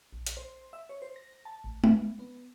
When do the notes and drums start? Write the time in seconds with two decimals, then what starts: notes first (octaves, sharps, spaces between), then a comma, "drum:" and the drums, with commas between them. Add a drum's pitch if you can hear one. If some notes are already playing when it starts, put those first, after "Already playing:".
0.13 A#1
0.27 drum: hi-hat
0.37 C5
0.73 E5
0.89 C#5
1.02 C5
1.16 A#6
1.45 A5
1.64 A1
1.84 B3, drum: tom
2.19 B3